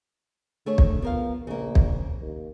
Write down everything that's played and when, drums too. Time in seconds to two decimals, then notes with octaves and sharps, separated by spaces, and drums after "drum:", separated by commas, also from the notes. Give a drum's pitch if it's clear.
0.66 D3 A3 G#4 C#5
0.78 drum: kick
1.02 F3 B3 A#4 F5
1.47 A#1 C#3 A#3
1.75 drum: kick
2.21 D#2